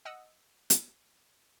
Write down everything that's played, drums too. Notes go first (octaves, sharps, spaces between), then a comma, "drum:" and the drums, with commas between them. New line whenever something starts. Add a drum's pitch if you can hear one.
D#5 F#5 D#6 E6
drum: hi-hat